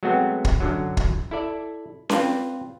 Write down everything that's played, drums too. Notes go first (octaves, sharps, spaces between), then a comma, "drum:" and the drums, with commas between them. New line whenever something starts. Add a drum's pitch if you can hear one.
F#3 G#3 A3 B3 C4 F#4
drum: kick
F#2 D3 F#3
drum: kick
E4 A4 D5 E5
C4 F4 B4 D5, drum: snare C#4